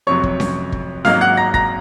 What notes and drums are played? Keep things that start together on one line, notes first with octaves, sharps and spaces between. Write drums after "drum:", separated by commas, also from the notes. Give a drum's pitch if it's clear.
F1 F2 C3 F#3 C#5 C#6
drum: kick
drum: snare C#4
drum: kick
G#1 G#2 F#3 A#3 D#4 F5 F6, drum: snare C#4
F#5 F#6
A#5 A#6
A#5 A#6, drum: kick